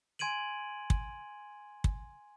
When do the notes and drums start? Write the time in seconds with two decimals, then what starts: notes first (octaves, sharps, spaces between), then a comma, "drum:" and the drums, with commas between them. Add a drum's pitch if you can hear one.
0.19 G#5 C6 G#6 D7 D#7 F#7
0.90 drum: kick
1.84 drum: kick